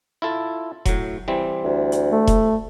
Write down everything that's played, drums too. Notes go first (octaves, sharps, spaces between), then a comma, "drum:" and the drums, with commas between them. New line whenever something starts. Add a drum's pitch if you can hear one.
E4 F4 A4
A2 F#3, drum: kick E1, hi-hat
E3 G3 C4
D2
drum: hi-hat
A3
drum: kick E1, hi-hat